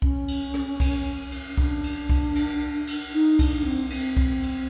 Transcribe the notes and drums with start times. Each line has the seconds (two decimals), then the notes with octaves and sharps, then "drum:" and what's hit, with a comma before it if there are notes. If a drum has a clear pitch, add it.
0.02 C#4, drum: kick C2
0.28 drum: cymbal
0.54 drum: rim click
0.80 drum: kick C2, cymbal
1.32 drum: cymbal
1.58 D4, drum: kick C2
1.84 drum: cymbal
2.09 drum: kick C2
2.35 drum: cymbal
2.87 drum: cymbal
3.13 D#4
3.39 D4, drum: kick C2, cymbal
3.65 C4
3.90 C#4, drum: cymbal
3.94 C4
4.17 drum: kick C2
4.43 drum: cymbal